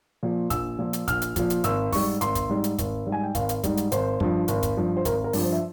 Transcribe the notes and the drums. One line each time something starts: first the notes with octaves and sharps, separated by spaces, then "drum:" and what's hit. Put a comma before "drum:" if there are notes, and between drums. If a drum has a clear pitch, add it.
A#2 F3
A#1 E6, drum: kick, hi-hat
A#2 F3
drum: hi-hat
A#1 F6, drum: kick, hi-hat
drum: hi-hat
A#2 F3, drum: kick, hi-hat
drum: hi-hat
G#1 E6, drum: hi-hat
G#2 G3 C#6, drum: kick, open hi-hat
G#1 C6, drum: hi-hat
drum: kick, hi-hat
G#2 G3
drum: hi-hat
G#1, drum: kick, hi-hat
G#2 G3
G#5
G5
G#1 F5, drum: kick, hi-hat
drum: hi-hat
G#2 G3, drum: kick, hi-hat
drum: hi-hat
G#1 C5, drum: hi-hat
G2 F3, drum: kick
G#1, drum: hi-hat
drum: kick, hi-hat
G2 F3
C5
G#1 A#4, drum: kick, hi-hat
A#4
G2 F3, drum: open hi-hat
C5
E5